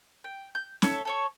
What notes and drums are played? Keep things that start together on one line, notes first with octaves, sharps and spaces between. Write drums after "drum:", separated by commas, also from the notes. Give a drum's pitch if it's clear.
G5
G6
A4 C#5 E5, drum: snare
A4 C#5 C#6